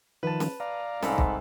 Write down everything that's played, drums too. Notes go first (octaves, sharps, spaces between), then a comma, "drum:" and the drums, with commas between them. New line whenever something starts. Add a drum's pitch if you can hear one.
D#3 F3 B4 A5
drum: snare C#4
D5 F5 A#5
C2 G#2 A4 B5, drum: snare C#4
drum: kick